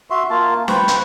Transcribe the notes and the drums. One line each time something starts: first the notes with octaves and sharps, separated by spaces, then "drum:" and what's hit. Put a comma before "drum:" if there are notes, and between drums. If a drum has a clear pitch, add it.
F#4 E5 C6
A#3 F4 A5
B4 C5 G5 C#6, drum: snare
drum: hi-hat